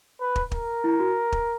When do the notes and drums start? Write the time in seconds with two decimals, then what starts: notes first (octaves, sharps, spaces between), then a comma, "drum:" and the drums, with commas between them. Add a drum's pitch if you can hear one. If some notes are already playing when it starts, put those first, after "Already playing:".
0.20 B4
0.36 drum: kick
0.52 A#4, drum: kick
0.84 E4
1.00 F#4
1.32 drum: kick